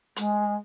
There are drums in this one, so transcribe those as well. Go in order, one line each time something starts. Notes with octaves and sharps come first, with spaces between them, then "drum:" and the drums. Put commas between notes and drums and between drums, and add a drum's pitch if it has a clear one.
G#3, drum: hi-hat